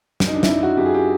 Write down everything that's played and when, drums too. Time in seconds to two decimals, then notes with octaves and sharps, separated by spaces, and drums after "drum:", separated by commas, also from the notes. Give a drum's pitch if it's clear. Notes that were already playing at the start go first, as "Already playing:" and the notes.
0.20 F#2, drum: snare
0.28 D#4
0.34 D4
0.43 E4, drum: snare
0.48 F#2 D#4
0.63 F#4
0.77 F#2 G4
0.85 G#4
0.94 G4